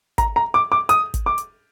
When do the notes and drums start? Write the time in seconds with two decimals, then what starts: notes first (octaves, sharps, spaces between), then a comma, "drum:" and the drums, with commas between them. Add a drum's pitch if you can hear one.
0.18 A#5, drum: kick, hi-hat
0.36 A#5
0.54 D6
0.72 D6
0.89 D#6, drum: hi-hat
1.14 drum: kick, hi-hat
1.26 D6
1.38 drum: hi-hat